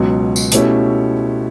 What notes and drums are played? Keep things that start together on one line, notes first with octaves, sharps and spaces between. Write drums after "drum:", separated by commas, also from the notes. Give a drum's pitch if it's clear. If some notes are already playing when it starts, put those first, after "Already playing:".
Already playing: C#2 B2 F#3
drum: tambourine
B2 A3 C#4 E4 G4, drum: hi-hat